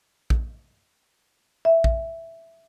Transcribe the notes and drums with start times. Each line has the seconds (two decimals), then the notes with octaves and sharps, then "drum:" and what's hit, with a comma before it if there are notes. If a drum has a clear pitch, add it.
0.30 drum: kick A#1
1.65 E5
1.84 drum: kick A#1